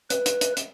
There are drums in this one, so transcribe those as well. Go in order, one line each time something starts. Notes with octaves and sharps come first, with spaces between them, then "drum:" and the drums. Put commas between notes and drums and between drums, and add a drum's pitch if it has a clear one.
B4, drum: hi-hat
drum: hi-hat
drum: hi-hat
drum: hi-hat